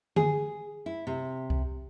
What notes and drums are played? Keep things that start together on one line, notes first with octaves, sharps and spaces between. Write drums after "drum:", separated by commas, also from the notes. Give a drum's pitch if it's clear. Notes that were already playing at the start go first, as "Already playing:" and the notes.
G#4, drum: tom D3
E4
C3
drum: kick C2